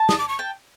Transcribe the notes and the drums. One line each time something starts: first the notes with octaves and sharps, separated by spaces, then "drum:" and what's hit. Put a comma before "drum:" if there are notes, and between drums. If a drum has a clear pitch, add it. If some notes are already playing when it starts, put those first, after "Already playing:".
Already playing: A5
D#6, drum: snare
D6
C#6
G5 A5